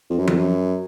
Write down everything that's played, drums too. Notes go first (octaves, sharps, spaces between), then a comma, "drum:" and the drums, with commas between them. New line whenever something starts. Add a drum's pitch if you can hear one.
F2
F#2
F2, drum: tom F3
F#2